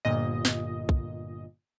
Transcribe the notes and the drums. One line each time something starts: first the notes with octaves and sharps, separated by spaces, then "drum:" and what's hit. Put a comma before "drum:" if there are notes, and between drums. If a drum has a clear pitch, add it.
G1 A#2 D#5
drum: snare
drum: kick B1